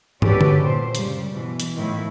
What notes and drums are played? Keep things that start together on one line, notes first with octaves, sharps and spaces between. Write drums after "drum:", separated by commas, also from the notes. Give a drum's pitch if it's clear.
C#4 F#4 G4 A4 B4 D5, drum: tom
drum: tom D3
A#2 C5
G2 C#3 G3, drum: hi-hat
B2 E3
drum: hi-hat
A2 D#3 F3 A3 E4